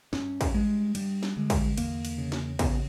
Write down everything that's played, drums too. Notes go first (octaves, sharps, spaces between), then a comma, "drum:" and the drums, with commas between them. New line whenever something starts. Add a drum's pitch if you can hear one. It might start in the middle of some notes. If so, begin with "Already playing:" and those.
G2 C#4, drum: snare
drum: kick, cymbal
G2 G#3
G2 G3, drum: cymbal
drum: snare
D3 G#3
drum: kick, cymbal
E2 A#3, drum: cymbal
drum: cymbal
C#3
drum: snare
C#3 B3, drum: kick, cymbal